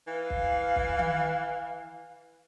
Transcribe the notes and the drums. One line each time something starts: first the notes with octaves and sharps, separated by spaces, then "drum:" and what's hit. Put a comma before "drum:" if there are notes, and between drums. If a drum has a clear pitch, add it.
E3 F5
drum: kick
drum: kick
drum: tom D#3